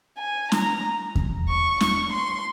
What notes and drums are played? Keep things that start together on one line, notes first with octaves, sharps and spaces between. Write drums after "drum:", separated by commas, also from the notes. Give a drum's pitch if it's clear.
G#5
A#5, drum: snare
drum: kick E2
C#6
C#6, drum: snare
C6